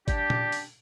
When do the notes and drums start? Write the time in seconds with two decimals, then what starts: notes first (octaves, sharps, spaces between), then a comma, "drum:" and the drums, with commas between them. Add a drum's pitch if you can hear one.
0.08 D4 G4, drum: kick G#1, hi-hat
0.30 drum: tom A#2
0.52 drum: open hi-hat